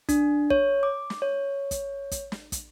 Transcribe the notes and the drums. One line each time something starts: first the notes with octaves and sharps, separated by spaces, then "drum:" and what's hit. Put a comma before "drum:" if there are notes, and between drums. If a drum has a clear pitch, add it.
D4, drum: kick, hi-hat
C#5, drum: kick
D6
drum: snare
C#5
drum: kick, hi-hat
drum: kick, hi-hat
drum: snare
drum: kick, hi-hat